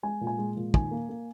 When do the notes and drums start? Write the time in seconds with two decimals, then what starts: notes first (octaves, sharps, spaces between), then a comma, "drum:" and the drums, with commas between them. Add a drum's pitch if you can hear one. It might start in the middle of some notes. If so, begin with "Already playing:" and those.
0.03 G#3 G#5
0.21 A#2
0.27 G#5
0.38 G#3
0.57 A#2
0.74 D#3 G#5, drum: kick
0.91 A#3
1.09 A#3